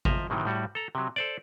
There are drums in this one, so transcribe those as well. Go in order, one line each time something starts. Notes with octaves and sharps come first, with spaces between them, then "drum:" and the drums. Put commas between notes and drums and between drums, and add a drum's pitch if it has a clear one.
F3 D#5 E5 A#5, drum: kick G#1
A2 C3 D#3 E3 F#3
A2 G3 F#4
A4 A#5
C3 F#3
A4 C5 D5